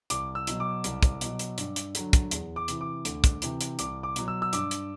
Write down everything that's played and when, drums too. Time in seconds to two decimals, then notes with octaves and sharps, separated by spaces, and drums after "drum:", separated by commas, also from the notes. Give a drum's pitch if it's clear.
0.10 C2 D6, drum: hi-hat
0.35 E6
0.47 B2 F#3, drum: hi-hat
0.60 D6
0.84 C2, drum: hi-hat
1.03 drum: kick, hi-hat
1.21 B2 F#3, drum: hi-hat
1.39 drum: hi-hat
1.58 G2, drum: hi-hat
1.76 drum: hi-hat
1.95 D3 F#3, drum: hi-hat
2.13 drum: kick, hi-hat
2.31 E2, drum: hi-hat
2.56 D6
2.68 C3 E3, drum: hi-hat
2.81 D6
3.05 D2, drum: hi-hat
3.24 drum: kick, hi-hat
3.42 C3 E3, drum: hi-hat
3.61 drum: hi-hat
3.79 C2 D6, drum: hi-hat
4.03 D6
4.16 B2 F#3, drum: hi-hat
4.28 E6
4.42 E6
4.53 G2 D6, drum: hi-hat
4.71 drum: hi-hat